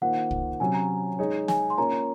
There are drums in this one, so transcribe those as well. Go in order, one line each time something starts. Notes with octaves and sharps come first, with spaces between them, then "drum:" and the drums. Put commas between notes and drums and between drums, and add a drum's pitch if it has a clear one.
D#3 A#3 F4 C5 F#5
drum: kick
C3 F#3 C#4 G#5
A#5
G#3 D#4 G#4 C#5
G#5, drum: snare
C6
A#3 C#4 F4 A#4 C#5 A#5